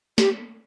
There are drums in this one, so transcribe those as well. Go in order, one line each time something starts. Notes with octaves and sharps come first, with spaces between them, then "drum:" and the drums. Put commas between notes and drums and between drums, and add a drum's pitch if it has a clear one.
G4, drum: snare